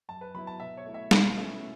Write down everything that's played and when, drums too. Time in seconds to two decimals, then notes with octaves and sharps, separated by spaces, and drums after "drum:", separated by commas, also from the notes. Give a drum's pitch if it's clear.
0.09 F#2 A5
0.21 B4
0.34 F#3 B3 E4 B5
0.47 A5
0.60 B2 E5
0.77 C#5
0.86 A3 E4
0.94 E5
1.11 B2 B4, drum: snare
1.37 A3 C#4 E4